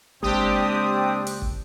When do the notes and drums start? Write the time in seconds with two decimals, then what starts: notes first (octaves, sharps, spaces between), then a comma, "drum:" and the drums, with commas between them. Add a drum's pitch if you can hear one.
0.23 C#2 G#3 A#3 C4 D4 G4 D#6, drum: kick
1.27 drum: hi-hat
1.42 drum: kick